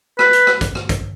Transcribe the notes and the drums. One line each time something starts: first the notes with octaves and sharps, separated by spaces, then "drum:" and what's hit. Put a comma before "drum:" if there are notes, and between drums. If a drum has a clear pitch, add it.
B4, drum: rim click
drum: hi-hat
drum: rim click
drum: kick, hi-hat
drum: rim click
drum: kick, hi-hat